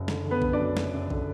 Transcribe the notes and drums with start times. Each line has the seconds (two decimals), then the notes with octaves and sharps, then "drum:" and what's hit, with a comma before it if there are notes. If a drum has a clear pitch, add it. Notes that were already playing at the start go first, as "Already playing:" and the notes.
Already playing: F#1
0.08 D3, drum: snare
0.25 D3
0.31 B3 B4
0.42 D3, drum: kick A#1
0.53 D4 D5
0.60 F#2
0.77 F#1, drum: snare
0.93 F#1
1.10 D3, drum: kick A#1